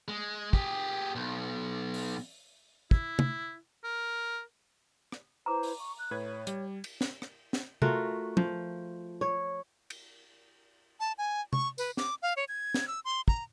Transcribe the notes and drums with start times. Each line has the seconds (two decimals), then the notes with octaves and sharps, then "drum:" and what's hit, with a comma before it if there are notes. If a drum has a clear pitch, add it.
0.08 G#3
0.53 G4 G#4, drum: kick
1.15 B1
1.94 drum: open hi-hat
2.91 E4, drum: kick
3.19 drum: tom C3
3.84 A#4
5.12 drum: rim click
5.46 E4 B4 C5 A#5 D6
5.63 drum: open hi-hat
5.79 C#6
5.98 F#6
6.11 A2 B4 C#5 G#6
6.47 G3, drum: hi-hat
6.84 drum: cymbal
7.01 drum: snare
7.22 drum: rim click
7.53 drum: snare
7.82 A3 F4 F#4 A#4, drum: tom C3
8.37 F3, drum: tom
9.21 C#5
9.90 drum: cymbal
11.00 A5
11.18 G#5
11.53 C#6, drum: tom C3
11.78 B4, drum: tambourine
11.97 D6, drum: snare
12.22 F5
12.37 C#5
12.48 G#6
12.74 drum: snare
12.88 E6
13.05 C6
13.28 A#5, drum: kick